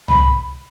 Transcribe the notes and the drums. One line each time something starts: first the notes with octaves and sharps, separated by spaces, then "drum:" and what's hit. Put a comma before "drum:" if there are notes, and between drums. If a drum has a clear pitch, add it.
B5, drum: tom C2